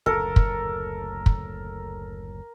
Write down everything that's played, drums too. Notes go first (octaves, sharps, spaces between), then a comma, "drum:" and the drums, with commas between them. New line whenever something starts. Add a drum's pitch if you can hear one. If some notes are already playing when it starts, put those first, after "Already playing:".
F#1 D2 A2 A4 A#4
drum: kick
drum: kick